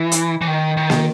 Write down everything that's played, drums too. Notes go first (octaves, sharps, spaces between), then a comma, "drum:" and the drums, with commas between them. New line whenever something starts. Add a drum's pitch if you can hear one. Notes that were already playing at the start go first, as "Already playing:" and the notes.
Already playing: E3
drum: hi-hat
E3
D#3
D#3
drum: snare A#3